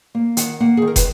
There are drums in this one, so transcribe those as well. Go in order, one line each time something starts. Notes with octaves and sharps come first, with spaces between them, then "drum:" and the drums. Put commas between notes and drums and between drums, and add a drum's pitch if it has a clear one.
A#3
D#3 F#5, drum: hi-hat
A#3 F#5
G#4
D#3
A#4
B4, drum: kick, hi-hat